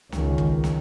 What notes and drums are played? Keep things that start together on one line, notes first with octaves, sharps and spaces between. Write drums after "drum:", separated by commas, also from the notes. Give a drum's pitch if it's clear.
C#2 D#3, drum: snare
drum: kick
drum: snare